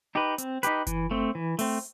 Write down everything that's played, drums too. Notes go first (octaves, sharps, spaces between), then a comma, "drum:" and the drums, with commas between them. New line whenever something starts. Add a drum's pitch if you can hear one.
D#4 G4 B4
C4, drum: hi-hat
D#4 G4 B4, drum: hi-hat
E3, drum: kick F#1, hi-hat
A3 C4
E3
A3 C4, drum: open hi-hat